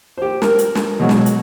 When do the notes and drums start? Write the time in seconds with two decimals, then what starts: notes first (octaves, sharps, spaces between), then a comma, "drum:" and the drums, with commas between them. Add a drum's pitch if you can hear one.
0.18 G4 C5
0.42 A#4, drum: snare
0.58 drum: hi-hat
0.75 drum: snare
1.00 B2 F#3 G#3
1.09 drum: snare
1.26 drum: hi-hat